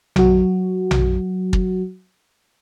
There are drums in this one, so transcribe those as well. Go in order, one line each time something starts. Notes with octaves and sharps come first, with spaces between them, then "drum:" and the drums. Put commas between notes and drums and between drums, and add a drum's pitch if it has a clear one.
F#3 F#4, drum: tom A#1
drum: tom A#1
drum: kick